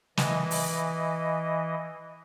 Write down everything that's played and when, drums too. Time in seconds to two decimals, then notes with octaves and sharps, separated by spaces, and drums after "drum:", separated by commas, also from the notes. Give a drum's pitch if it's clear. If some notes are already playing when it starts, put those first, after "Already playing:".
0.17 E3 D#5, drum: snare
0.51 drum: open hi-hat